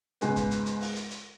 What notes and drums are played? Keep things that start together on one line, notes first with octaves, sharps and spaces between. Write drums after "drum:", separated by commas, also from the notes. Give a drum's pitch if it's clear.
C#2 G#2 G#3 B3, drum: hi-hat
drum: kick, hi-hat
drum: hi-hat
drum: hi-hat
drum: open hi-hat
drum: hi-hat
drum: hi-hat